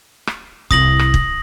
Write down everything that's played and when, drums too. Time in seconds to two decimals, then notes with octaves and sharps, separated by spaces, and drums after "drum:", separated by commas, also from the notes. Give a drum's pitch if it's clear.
0.27 drum: rim click
0.71 C2 E4 D#6 A#6 F#7, drum: kick
0.99 drum: rim click
1.14 drum: kick